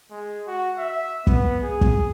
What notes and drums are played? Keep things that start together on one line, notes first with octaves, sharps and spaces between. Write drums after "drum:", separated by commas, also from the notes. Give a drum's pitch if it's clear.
G#3
F#4
E5
B3, drum: kick
G#4
drum: kick